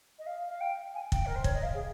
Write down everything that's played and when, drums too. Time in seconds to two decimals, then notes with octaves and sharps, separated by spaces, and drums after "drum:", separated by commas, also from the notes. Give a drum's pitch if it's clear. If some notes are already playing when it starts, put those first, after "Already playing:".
0.19 D#5
0.26 F5
0.49 F5
0.61 G5
0.95 G#5
1.12 G5, drum: kick
1.26 A#4
1.36 C5
1.44 C#5, drum: kick
1.54 D#5
1.63 F5
1.74 G#4